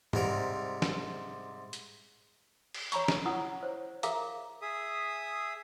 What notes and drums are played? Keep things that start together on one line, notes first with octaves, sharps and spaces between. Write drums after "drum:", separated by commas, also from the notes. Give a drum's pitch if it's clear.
G#2 C3 G3 A#4, drum: tom
drum: snare
drum: hi-hat
drum: cymbal
C#5 A#5 B5 C#6, drum: hi-hat
drum: snare
E4 F#5 D#6
C5 C#5
G#4 A#4 E5 F5 A#5, drum: hi-hat
G#4 E5 D#6